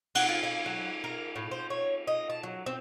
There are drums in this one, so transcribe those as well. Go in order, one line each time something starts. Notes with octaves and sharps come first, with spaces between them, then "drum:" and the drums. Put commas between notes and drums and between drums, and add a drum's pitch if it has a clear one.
F#4, drum: cymbal
F4
F5
F#3
A#4
A2
C5
C#5
D#5
A5
F#3
C4